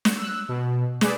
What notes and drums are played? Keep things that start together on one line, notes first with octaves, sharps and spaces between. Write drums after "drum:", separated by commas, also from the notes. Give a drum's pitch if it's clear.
drum: snare
E6 F#6
B2
G#4 B4 D5 E6, drum: snare